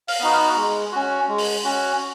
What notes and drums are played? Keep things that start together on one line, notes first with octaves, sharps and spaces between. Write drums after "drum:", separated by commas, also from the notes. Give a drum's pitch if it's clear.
F5, drum: open hi-hat
B3 D#4 F#4
G#3
C#4 F#4
G#3
drum: open hi-hat
C#4 F#4